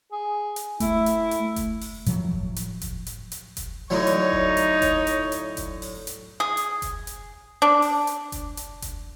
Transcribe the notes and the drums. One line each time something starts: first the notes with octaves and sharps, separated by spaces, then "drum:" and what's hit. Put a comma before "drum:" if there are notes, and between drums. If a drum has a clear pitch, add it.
G#4
drum: hi-hat
A3 E4, drum: kick F1, hi-hat
drum: hi-hat
drum: hi-hat
drum: kick F1, hi-hat
drum: open hi-hat
A2 F3 F#3, drum: hi-hat
drum: kick F1
drum: hi-hat
drum: kick F1, hi-hat
drum: hi-hat
drum: hi-hat
drum: kick F1, hi-hat
A2 D3 F#3 D#4 C#5
drum: hi-hat
drum: kick F1
drum: hi-hat
drum: kick F1, hi-hat
drum: hi-hat
drum: hi-hat
drum: kick F1, hi-hat
drum: open hi-hat
drum: hi-hat
G#4
drum: hi-hat
drum: kick F1, hi-hat
drum: hi-hat
D4
drum: open hi-hat
drum: hi-hat
drum: kick F1, hi-hat
drum: hi-hat
drum: kick F1, hi-hat